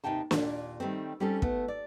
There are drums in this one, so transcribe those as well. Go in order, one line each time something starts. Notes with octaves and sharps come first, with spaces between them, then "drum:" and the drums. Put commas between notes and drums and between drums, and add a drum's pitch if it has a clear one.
D#2 G#2 C3 D#4 G5 A5
D#2 A#2 D4, drum: snare
D#3 G3 A3 C4
G3 C4 C#4 G4 A4
A3 B3, drum: kick
D5